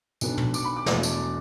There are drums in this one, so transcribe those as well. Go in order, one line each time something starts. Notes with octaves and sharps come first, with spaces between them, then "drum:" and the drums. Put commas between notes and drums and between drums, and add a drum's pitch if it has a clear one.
B1 B2 B3 D4, drum: tambourine
drum: tom
D6, drum: tambourine
B5
D6
E1 E2 B2 A3 D5, drum: snare
drum: tambourine